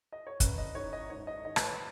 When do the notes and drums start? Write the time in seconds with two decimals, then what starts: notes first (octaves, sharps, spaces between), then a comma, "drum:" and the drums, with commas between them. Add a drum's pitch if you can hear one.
0.12 D#5
0.27 C#5
0.40 F#2 B4, drum: kick, hi-hat
0.58 D#5
0.75 D#3 C#5
0.93 D#5
1.10 G#2 C#5
1.27 D#5
1.45 D#3 D#5
1.56 B4, drum: rim click
1.62 C#5